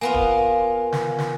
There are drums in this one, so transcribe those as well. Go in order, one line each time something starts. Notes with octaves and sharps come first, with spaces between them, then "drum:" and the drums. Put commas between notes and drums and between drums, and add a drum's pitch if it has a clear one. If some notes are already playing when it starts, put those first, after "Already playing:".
A#3 B3 F4 G#5
drum: kick
drum: snare
drum: snare